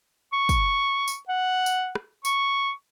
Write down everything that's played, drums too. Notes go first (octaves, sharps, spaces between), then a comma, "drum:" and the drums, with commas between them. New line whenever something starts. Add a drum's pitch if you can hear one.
C#6
drum: kick, tambourine
drum: tambourine
F#5
drum: tambourine
drum: rim click
C#6, drum: tambourine